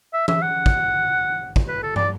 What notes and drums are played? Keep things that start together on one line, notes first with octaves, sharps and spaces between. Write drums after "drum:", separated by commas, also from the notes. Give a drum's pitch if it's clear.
E5
E5, drum: tom E3
F#5
drum: kick
drum: kick
B4
A4
D5, drum: tom